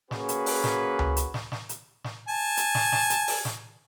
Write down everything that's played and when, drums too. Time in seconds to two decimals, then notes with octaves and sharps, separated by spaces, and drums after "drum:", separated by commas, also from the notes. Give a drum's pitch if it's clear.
0.11 A#3 C#4 F#4 G#4 B4, drum: snare
0.29 drum: hi-hat
0.46 drum: open hi-hat
0.64 drum: snare
0.99 drum: tom C#2
1.17 drum: hi-hat
1.34 drum: snare
1.52 drum: snare
1.69 drum: hi-hat
2.04 drum: snare
2.28 G#5 A5
2.57 drum: hi-hat
2.75 drum: snare
2.92 drum: snare
3.10 drum: hi-hat
3.28 drum: open hi-hat
3.45 drum: snare